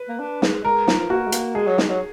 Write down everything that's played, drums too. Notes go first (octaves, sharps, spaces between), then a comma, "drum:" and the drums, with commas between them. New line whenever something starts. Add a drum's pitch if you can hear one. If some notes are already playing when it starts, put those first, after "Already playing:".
Already playing: B4
A#3
D4
G#3, drum: snare
G#3 A#4
F3, drum: snare
A#3 F#4
G#3
A#3, drum: hi-hat
G#3 G#4
F#3
G#3, drum: snare
F#3